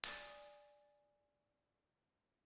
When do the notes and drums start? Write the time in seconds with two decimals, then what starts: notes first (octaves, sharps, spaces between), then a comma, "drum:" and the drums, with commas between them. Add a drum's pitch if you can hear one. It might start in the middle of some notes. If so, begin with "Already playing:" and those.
0.04 D5 G#5 D#6 A6, drum: hi-hat